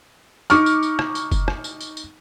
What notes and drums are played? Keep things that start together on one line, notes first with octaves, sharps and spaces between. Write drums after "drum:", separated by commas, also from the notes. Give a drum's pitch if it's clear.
D#4 C#6 D6 F6, drum: tambourine
drum: tambourine
drum: tambourine
drum: rim click
drum: tambourine
drum: kick F#1, tambourine
drum: rim click
drum: tambourine
drum: tambourine
drum: tambourine